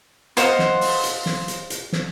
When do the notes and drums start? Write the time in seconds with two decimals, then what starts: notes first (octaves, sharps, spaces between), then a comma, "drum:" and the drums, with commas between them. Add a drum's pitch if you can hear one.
0.37 F4 C5 D#5 F#5, drum: hi-hat
0.59 drum: snare
0.81 drum: open hi-hat
1.03 drum: hi-hat
1.26 drum: snare
1.48 drum: hi-hat
1.70 drum: hi-hat
1.92 drum: snare